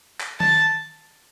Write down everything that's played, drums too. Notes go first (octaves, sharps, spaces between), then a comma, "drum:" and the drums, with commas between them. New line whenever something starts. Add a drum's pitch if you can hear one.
drum: clap
A5, drum: tom D#3